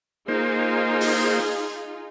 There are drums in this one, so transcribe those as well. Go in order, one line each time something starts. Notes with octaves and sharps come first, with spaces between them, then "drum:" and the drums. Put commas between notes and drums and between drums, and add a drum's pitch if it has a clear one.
A#3 D#4 F4 G#4 C5
drum: open hi-hat